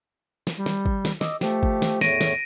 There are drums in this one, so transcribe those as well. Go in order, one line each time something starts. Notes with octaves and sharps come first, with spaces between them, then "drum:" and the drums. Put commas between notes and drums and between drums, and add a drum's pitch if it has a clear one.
drum: snare
G3
drum: snare
drum: kick
drum: snare
D#5 D6 E6, drum: snare
F3 A3 G4, drum: snare
drum: kick
drum: snare
E2 A2 C#5 A#6 D7 D#7, drum: snare
drum: snare